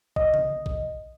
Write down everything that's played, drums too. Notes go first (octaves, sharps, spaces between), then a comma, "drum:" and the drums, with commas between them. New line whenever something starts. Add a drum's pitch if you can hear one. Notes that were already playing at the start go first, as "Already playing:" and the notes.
D#5, drum: kick
drum: tom C#3
drum: kick